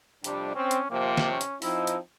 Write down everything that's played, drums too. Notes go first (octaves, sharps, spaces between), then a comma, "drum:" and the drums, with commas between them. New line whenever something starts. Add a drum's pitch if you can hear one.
F2 C3 G3 D4, drum: hi-hat
C4 C#4
drum: hi-hat
D#2 C3 F3 A#3
drum: snare
C#4
drum: hi-hat
F3 C4 D#4 E4, drum: open hi-hat
drum: hi-hat